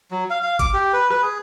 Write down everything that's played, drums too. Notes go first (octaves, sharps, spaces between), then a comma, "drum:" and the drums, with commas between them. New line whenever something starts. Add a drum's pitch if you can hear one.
F#3
F5
F5
D6, drum: kick, hi-hat
G4
B4
B4, drum: rim click
G#4